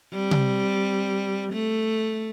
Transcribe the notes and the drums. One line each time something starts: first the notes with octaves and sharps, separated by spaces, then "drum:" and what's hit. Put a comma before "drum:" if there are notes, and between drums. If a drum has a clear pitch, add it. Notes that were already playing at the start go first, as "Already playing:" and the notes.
G3 C4
drum: tom C3
A3